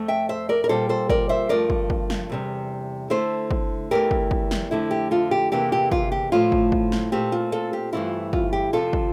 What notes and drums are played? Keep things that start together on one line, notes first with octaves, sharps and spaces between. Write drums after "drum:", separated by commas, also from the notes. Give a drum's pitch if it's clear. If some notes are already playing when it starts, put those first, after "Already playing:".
Already playing: F2 A3
E5 G5
C5 E5
A#4 D5
A#4
A#2 G3 C4 F4 A4 C5
A4 C5
A#4 D5, drum: kick
C5 E5
G2 F3 A3 A#4 D5
drum: kick
drum: kick
drum: snare
E2 C3 G3
D3 A3 E4 A4 C5
drum: kick
E2 E3 A3 G4 A#4
drum: kick
drum: kick
drum: snare
F2 D3 A3 E4
G4
F4 A4
G4
E2 C3 E3 A#3 G4
G4
F4, drum: kick
G4
A2 F3 A3 F4
drum: kick
drum: kick
drum: snare
A#2 A3 C4 F4 G4
F4
F4 A4
G4
G2 E3 A3 C4 E4 F4
F4, drum: kick
G4
F2 C3 F3 F4 A4
drum: kick